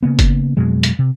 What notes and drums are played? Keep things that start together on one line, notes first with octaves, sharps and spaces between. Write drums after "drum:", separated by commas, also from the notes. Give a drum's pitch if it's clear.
C#3 A#3 B3
drum: kick F#1, hi-hat
F2 B2 F#3 G#3
drum: hi-hat
C3